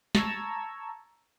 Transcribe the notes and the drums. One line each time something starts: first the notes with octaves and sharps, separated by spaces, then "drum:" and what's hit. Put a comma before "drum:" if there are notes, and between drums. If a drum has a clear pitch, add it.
A5 A#5 C#6 E6 G#6, drum: snare